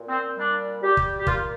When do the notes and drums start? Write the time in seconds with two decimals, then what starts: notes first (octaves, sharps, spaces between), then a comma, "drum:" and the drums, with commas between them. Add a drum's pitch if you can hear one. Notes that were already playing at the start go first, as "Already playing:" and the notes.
Already playing: A#2
0.08 C4
0.38 G3 D4
0.82 G3 G4
0.97 drum: kick
1.19 G4
1.27 A#3 F4, drum: kick